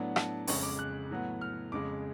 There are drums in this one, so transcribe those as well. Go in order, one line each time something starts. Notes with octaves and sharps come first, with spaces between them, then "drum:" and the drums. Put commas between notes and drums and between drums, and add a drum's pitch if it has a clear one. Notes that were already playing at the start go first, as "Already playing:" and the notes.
Already playing: A2 F#3 B3 D4
A5, drum: rim click
F2 C#3 G#3 C#6, drum: open hi-hat
D6
F#6
A2 F#3 B3
F6
F2 C#3 G#3 D6